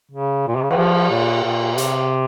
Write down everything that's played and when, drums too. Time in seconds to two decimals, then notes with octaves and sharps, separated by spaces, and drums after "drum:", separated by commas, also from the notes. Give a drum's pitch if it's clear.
0.11 C#3
0.48 A#2
0.55 C3
0.63 C#3
0.71 E3, drum: cymbal
0.77 F3
1.11 A#2
1.44 A#2
1.78 C3, drum: hi-hat